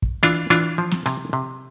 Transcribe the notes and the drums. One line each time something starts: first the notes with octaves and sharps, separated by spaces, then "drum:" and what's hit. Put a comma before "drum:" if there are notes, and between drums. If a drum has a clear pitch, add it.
drum: kick
E3 D4 F4
E3 D4 F4
F3
drum: snare
C3, drum: rim click
C3